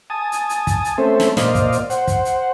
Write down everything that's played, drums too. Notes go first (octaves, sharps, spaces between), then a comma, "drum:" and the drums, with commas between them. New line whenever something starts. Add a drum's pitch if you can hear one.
G#5 A5 D#6
drum: hi-hat
drum: hi-hat
drum: kick, hi-hat
drum: hi-hat
A3 C4 C#4 A4 C5 E5
drum: snare
A#2 C5 D5 D#5 F5, drum: snare
drum: kick, hi-hat
drum: hi-hat
C5 F#5, drum: hi-hat
drum: kick, hi-hat
drum: hi-hat